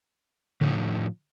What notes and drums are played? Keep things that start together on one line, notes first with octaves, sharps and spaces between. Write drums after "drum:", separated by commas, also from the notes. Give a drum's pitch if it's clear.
A2 D3 D#3 F3, drum: tom C#3